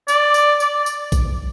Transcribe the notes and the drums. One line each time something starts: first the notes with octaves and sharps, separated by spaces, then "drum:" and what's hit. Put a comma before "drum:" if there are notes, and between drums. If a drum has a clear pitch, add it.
D5, drum: tambourine
drum: tambourine
D5, drum: tambourine
drum: tambourine
drum: kick A#1, tambourine